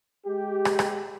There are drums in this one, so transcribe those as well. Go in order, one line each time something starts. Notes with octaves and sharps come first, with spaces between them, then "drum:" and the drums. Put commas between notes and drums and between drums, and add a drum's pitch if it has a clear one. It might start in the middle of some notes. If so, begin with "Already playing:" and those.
G#3 G4
drum: rim click
drum: rim click